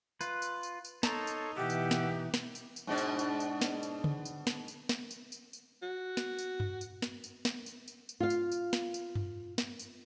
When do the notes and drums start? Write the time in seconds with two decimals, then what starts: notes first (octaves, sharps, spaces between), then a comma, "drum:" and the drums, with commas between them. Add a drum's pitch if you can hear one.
0.21 F4 B4, drum: tambourine
0.42 drum: tambourine
0.63 drum: tambourine
0.85 drum: tambourine
1.03 D#4 A4 C#5 A5 A#5 C6, drum: snare
1.27 drum: tambourine
1.56 B2 E3 G4 E5 F#5 D6
1.70 drum: tambourine
1.91 drum: snare
2.34 drum: snare
2.55 drum: tambourine
2.76 drum: tambourine
2.87 G#2 B2 D4
2.98 drum: tambourine
3.19 drum: tambourine
3.40 drum: tambourine
3.62 drum: snare
3.83 drum: tambourine
4.04 drum: tom C#3
4.25 drum: tambourine
4.47 drum: snare
4.68 drum: tambourine
4.89 drum: snare
5.11 drum: tambourine
5.32 drum: tambourine
5.53 drum: tambourine
5.82 F#4
6.17 drum: snare
6.38 drum: tambourine
6.60 drum: tom F#2
6.81 drum: tambourine
7.02 drum: snare
7.24 drum: tambourine
7.45 drum: snare
7.66 drum: tambourine
7.88 drum: tambourine
8.09 drum: tambourine
8.20 F4 F5
8.30 drum: tambourine
8.52 drum: tambourine
8.73 drum: snare
8.94 drum: tambourine
9.15 drum: tom F#2
9.58 drum: snare
9.79 drum: tambourine